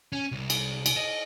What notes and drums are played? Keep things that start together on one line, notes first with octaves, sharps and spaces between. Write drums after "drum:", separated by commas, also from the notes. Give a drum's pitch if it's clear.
C#4
C2
drum: cymbal
drum: cymbal
D#5